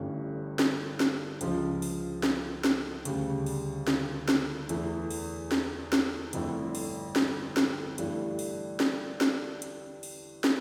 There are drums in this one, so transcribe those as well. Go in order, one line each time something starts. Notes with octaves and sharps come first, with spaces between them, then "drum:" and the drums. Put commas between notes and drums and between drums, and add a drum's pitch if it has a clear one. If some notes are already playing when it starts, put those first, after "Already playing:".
Already playing: G1 G2 E3 A3 C#4
drum: snare
drum: snare
C#2 C#3 F3, drum: hi-hat
drum: open hi-hat
drum: snare
drum: snare
D2 C#3 G3, drum: hi-hat
drum: open hi-hat
drum: snare
drum: snare
E2 E3 A3 E4, drum: hi-hat
drum: open hi-hat
drum: snare
drum: snare
G1 F2 D3 A3 E4, drum: hi-hat
drum: open hi-hat
drum: snare
drum: snare
G2 E3 A3 D4, drum: hi-hat
drum: open hi-hat
drum: snare
drum: snare
drum: hi-hat
drum: open hi-hat
drum: snare